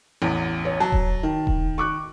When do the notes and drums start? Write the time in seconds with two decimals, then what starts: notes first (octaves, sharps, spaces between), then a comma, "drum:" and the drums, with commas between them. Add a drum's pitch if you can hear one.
0.22 A1 E2
0.65 C#5
0.80 F#3 A5
0.92 drum: kick D#1
1.23 D#3
1.47 drum: kick D#1
1.78 C#6 D6 F#6